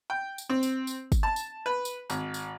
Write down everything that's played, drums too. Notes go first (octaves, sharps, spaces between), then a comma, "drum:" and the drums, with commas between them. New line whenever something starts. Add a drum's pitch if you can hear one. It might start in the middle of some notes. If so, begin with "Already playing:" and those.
G5
drum: tambourine
C4
drum: tambourine
drum: tambourine
drum: kick, tambourine
A5
drum: tambourine
B4
drum: tambourine
G#1, drum: tambourine
drum: tambourine